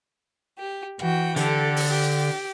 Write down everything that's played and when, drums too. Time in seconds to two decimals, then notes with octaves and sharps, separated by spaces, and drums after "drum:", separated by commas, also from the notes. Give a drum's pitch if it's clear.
0.59 G4
0.99 E3 F#4 G5, drum: rim click
1.36 D3 G4 A4, drum: hi-hat
1.76 drum: open hi-hat
1.89 G4